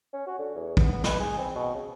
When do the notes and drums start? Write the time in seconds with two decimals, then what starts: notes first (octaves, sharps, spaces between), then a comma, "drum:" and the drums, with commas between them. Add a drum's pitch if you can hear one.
0.13 C#4
0.27 F#4
0.39 D3
0.55 E2
0.77 B3, drum: kick
0.92 B3
1.04 B4, drum: snare
1.20 G#4
1.38 C4
1.55 B2
1.74 C#3